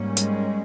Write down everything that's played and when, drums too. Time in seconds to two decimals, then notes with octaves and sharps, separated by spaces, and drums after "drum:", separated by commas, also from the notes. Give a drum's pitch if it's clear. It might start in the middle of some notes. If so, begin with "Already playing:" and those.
Already playing: G#2 G3 A#3 C#4
0.17 G#3, drum: hi-hat